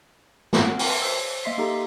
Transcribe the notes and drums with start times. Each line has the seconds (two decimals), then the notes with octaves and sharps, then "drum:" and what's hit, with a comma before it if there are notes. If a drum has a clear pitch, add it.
0.53 C4 F#4 F#5, drum: snare
0.67 F#4 A#4
0.79 G5 A#5 C6, drum: open hi-hat
1.02 C5 E6
1.44 A#3 D#5 E5 C6 B6 C7
1.58 A#3 D#4 G4 A4 A#5